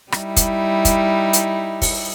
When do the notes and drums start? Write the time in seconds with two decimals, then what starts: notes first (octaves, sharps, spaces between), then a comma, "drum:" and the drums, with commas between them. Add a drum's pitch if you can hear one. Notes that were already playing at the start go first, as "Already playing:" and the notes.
0.12 G3 D#4 E4, drum: rim click
0.37 drum: kick, hi-hat
0.85 drum: kick, hi-hat
1.33 drum: hi-hat
1.82 drum: kick, open hi-hat